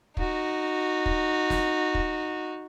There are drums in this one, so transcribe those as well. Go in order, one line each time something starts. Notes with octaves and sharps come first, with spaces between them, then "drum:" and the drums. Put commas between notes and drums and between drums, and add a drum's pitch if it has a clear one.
D#4 F#4, drum: kick
drum: kick
drum: snare
drum: kick